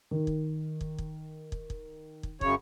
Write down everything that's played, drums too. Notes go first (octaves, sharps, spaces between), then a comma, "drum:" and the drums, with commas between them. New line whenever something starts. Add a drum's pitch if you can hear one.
D#3
drum: kick
drum: kick
drum: kick
drum: kick
drum: kick
drum: kick
F#2 C#3 C#5, drum: kick